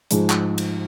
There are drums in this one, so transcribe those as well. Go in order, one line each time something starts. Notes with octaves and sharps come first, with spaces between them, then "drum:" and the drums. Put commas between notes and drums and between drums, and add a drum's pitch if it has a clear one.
G#2 F3 G#3, drum: hi-hat
drum: clap
drum: cymbal